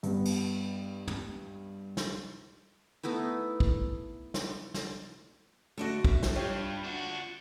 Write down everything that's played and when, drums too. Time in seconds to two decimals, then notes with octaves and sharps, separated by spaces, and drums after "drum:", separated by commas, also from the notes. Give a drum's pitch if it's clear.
0.03 G2 B3, drum: hi-hat
0.25 drum: cymbal
1.07 drum: tom
1.97 drum: snare
3.03 A3 B3 D#4 E4
3.60 drum: kick
4.34 drum: snare
4.74 drum: snare
5.78 D3 A3 D4 F#4 D#5
6.05 E5, drum: kick
6.23 drum: snare
6.36 G2 F4 G4 C#5
6.83 D4 F#4